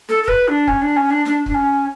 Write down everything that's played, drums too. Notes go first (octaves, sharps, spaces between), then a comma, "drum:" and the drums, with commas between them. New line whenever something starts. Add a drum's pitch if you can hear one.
A4, drum: snare
A4
B4, drum: kick
D4
C#4, drum: kick
D4
C#4
D4
D4, drum: snare
D4, drum: kick
C#4